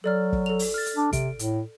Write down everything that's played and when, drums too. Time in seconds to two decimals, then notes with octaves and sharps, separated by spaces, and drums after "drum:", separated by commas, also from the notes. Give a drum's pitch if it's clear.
0.04 F#3 A4 D5 F6
0.33 drum: kick
0.46 A4 F7
0.59 drum: open hi-hat
0.74 F6 A6
0.86 drum: hi-hat
0.96 D4
1.13 C3 D7, drum: kick, hi-hat
1.39 A2, drum: hi-hat